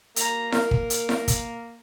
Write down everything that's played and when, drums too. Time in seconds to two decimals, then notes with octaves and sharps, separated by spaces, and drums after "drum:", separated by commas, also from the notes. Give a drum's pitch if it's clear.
0.16 A#3 A#5, drum: hi-hat
0.52 A#4, drum: snare E4
0.71 drum: kick
0.90 drum: hi-hat
1.09 drum: snare E4
1.28 drum: kick, hi-hat